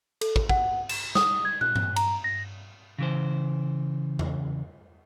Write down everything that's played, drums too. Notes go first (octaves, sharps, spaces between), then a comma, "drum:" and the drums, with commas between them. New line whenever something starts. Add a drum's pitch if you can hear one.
A4, drum: cymbal
drum: kick
F#5, drum: kick
E7, drum: cymbal
D#6, drum: snare
G#6
F#6, drum: tom
drum: tom G2
A#5, drum: cymbal
A#6
C#3 E3 C5
drum: tom E2